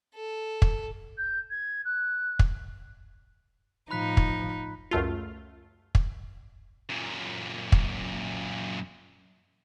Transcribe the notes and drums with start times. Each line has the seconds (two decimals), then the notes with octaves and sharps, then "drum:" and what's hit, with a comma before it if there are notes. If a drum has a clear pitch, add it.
0.15 A4
0.62 drum: kick
1.18 G6
1.51 G#6
1.85 F#6
2.39 drum: kick
3.91 A2 F3 D#4 B5 F#6 B6
4.17 drum: kick
4.91 C#2 F#2 A3 F4
5.95 drum: kick
6.89 F#2 A#2
7.72 drum: kick